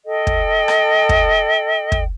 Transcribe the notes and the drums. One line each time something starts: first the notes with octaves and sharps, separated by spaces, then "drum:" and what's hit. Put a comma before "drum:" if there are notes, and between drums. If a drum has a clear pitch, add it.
A4 D#5 G5
drum: kick
drum: rim click
drum: kick
drum: kick